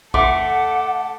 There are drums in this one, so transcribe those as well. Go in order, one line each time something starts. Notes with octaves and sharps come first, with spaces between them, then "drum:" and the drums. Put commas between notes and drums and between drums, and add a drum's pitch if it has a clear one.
A3 A4 F#5 D6, drum: kick A1